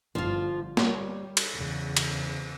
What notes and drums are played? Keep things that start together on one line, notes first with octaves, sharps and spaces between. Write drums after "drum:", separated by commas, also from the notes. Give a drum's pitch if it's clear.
G1 F3 F4
G3 C#5, drum: snare
drum: cymbal
E2 C#3
drum: cymbal